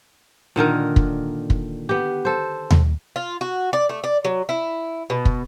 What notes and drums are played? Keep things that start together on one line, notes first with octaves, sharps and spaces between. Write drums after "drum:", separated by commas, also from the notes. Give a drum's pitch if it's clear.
A#2 D3 D#3 A#4
drum: kick
drum: kick
B3 G4
A4 C5
drum: tom D#2
F4
F#4
D5
A3
D5
F#3
E4
B2
drum: kick